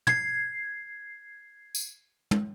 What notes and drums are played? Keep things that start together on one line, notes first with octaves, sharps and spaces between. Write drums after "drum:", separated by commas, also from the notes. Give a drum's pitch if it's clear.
G#6 C7, drum: tom
drum: tambourine
drum: tom